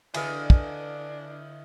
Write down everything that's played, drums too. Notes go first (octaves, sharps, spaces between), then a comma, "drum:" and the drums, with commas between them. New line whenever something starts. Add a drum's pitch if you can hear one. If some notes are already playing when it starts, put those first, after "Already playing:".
D3 D4 E4 B4 D5 D#5 F5 G#5, drum: cymbal
drum: kick